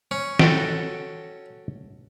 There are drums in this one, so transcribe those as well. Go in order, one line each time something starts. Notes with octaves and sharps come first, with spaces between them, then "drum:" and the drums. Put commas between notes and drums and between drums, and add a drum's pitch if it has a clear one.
C#4
F#4 A4 G5, drum: snare